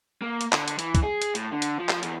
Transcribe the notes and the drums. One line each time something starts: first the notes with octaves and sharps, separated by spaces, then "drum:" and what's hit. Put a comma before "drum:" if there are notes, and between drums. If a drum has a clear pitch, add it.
A#3
drum: hi-hat
D3, drum: clap
drum: hi-hat
E3, drum: hi-hat
drum: kick, hi-hat
G#4
drum: hi-hat
A2, drum: hi-hat
D3
drum: hi-hat
F3
drum: clap
E2, drum: hi-hat